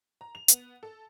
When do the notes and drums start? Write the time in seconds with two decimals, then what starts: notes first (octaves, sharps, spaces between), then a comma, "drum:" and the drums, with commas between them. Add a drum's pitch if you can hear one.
0.21 A#5
0.35 F7
0.48 B3, drum: hi-hat
0.83 A4